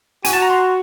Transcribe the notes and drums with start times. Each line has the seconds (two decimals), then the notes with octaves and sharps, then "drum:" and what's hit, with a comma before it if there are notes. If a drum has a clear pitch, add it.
0.25 F#4 G#5, drum: hi-hat
0.33 A5
0.42 A#5
0.50 C6